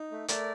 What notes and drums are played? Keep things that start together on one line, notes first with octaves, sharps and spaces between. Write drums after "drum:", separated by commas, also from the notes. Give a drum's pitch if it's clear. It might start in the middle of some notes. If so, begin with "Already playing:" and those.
Already playing: D#4
A3
A3 A#4 D5, drum: hi-hat